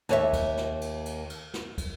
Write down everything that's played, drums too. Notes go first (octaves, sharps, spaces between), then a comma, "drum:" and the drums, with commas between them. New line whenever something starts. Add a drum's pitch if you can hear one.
D#2 C#5 E5, drum: snare
drum: kick, cymbal
drum: snare
drum: cymbal
drum: cymbal
drum: cymbal
drum: snare
drum: kick, cymbal